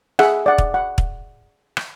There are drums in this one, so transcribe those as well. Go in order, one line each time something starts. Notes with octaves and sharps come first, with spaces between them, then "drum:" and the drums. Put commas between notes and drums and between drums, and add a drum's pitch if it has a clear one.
G#4 E5 F#5, drum: rim click
D5 F#5
drum: kick
F#5
drum: kick
drum: rim click